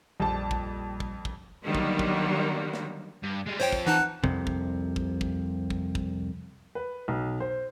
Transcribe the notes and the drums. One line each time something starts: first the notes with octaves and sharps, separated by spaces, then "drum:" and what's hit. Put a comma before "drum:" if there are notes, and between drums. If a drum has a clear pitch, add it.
A#1 F2 G3 A5
drum: kick
drum: kick
drum: kick
D3 D#3 F#3 G3 A#3 B3
drum: kick
drum: kick
drum: snare
G2
G3 G#3
F3 C4 C5 C#5 G5
drum: kick
E3 D#4 F#5 A5
C2 F2 C3, drum: kick
drum: kick
drum: kick
drum: kick
drum: kick
drum: kick
B4
B1
C5